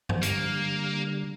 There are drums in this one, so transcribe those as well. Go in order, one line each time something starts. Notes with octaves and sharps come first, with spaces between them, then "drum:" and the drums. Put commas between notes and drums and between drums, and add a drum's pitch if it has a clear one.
drum: tom
D3 G3 A#3, drum: hi-hat